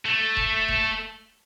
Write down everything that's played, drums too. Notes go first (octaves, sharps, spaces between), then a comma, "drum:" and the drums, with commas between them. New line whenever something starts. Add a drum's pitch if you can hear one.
A3
drum: kick E1
drum: kick E1